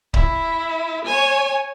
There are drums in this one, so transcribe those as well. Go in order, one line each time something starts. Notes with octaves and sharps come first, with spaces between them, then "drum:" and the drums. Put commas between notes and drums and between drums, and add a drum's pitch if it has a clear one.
E4, drum: kick C#1
C#5 G#5